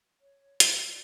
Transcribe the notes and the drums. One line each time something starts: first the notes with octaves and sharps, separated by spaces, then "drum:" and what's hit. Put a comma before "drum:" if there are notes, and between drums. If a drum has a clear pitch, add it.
C#5
drum: hi-hat
D5